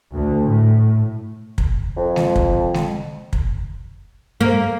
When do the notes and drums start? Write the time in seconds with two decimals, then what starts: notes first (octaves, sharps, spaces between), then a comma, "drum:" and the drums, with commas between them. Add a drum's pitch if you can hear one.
0.13 D2
0.50 A2
1.58 drum: kick
1.97 F2
2.16 drum: snare G#3
2.36 drum: kick
2.74 drum: snare G#3
3.33 drum: kick
4.41 A#3